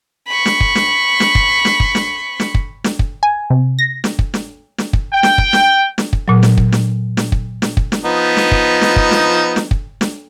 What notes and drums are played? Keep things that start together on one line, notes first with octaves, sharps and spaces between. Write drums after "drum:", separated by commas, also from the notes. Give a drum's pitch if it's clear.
B5 C#6
drum: snare
drum: kick
drum: snare
drum: snare
drum: kick
drum: snare
drum: kick
drum: snare
drum: snare
drum: kick
drum: snare
drum: kick
G#5
C3
A#6
drum: snare
drum: kick
drum: snare
drum: snare
drum: kick
G5
drum: snare
drum: kick
drum: snare
drum: snare
drum: kick
A#2 F#3
drum: snare
drum: kick
drum: snare
drum: snare
drum: kick
drum: snare
drum: kick
drum: snare
F3 B3 D#4
drum: snare
drum: kick
drum: snare
drum: kick
drum: snare
drum: snare
drum: kick
drum: snare